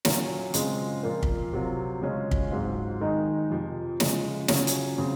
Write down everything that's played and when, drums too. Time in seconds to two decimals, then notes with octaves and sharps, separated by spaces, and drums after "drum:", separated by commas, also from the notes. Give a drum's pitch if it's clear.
0.05 A#2 F#3 C#4 F4, drum: snare
0.54 C#3 G#3 C4 F4, drum: hi-hat
1.03 A#2 F3 A#3 F4
1.23 drum: kick
1.52 C3 F#3 C4 F4
2.02 C#3 G#3 C#4 F4
2.31 drum: kick
2.51 G#2 F#3 C4 F4
3.01 D#3 G#3 D#4
3.50 F2 C3 F3
4.00 C#3 F3 G#3, drum: snare
4.48 C#3 F#3 C#4 F4, drum: snare
4.67 drum: hi-hat
4.98 C#3 F#3 C4